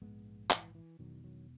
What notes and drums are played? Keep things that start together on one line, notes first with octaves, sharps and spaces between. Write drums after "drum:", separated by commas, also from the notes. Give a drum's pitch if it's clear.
A#1 G#2 G#3 B3
E3, drum: clap
E3
E1 E2 B2 D#3 F#3
D#3 F#3